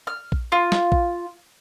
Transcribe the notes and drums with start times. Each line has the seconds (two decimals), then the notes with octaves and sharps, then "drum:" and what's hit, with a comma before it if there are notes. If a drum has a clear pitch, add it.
0.07 F6
0.32 drum: kick A#1
0.52 F4
0.72 drum: snare
0.92 drum: kick A#1